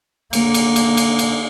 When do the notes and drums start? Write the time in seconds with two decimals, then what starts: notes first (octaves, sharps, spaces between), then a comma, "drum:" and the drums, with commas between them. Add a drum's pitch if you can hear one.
0.33 D3 A#3, drum: cymbal
0.54 drum: cymbal
0.76 drum: cymbal
0.97 drum: cymbal
1.19 drum: cymbal